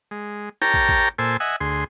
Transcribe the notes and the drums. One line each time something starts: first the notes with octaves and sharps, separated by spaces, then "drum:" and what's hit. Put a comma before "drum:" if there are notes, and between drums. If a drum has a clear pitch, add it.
G#3
G4 A#4 C#5 G5 A5 A#5, drum: snare
drum: kick
drum: kick
A#2 A4 C5 G#5 E6
D#5 E5 F#5 G#5
D2 G#4 C6